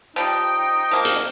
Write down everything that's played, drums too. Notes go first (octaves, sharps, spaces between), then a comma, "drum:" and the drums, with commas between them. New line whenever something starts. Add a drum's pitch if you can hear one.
F3 G3 D#4 G5
F3 A#3
drum: hi-hat